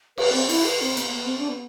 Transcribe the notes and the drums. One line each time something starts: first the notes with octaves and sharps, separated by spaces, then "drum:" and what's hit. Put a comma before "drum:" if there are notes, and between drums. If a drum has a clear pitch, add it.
B4, drum: cymbal
C4
E4, drum: open hi-hat
B4
C4
B3, drum: hi-hat
B3
C4
D4
B3